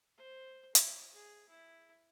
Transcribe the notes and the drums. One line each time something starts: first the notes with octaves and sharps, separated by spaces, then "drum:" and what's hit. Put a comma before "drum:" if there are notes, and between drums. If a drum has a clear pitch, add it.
C5
E4, drum: hi-hat
G#4
E4